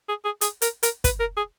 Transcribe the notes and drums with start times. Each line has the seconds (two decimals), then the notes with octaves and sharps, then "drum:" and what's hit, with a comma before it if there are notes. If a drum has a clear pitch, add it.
0.09 G#4
0.25 G#4
0.41 G#4, drum: hi-hat
0.62 A#4, drum: hi-hat
0.83 A#4, drum: hi-hat
1.04 B4, drum: kick, hi-hat
1.20 A#4
1.37 G#4